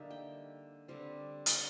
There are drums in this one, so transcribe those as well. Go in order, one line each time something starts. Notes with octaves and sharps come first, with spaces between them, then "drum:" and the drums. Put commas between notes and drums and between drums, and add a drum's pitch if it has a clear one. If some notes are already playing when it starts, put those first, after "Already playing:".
Already playing: D3 G3 A#3 D#4 E5
G5
D3 G3 C4
C#5 D5, drum: hi-hat